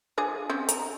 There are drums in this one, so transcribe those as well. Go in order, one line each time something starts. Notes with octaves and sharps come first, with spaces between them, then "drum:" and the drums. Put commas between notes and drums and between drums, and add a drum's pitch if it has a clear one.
F3 D4 G#4
C4 C#4
A#5, drum: hi-hat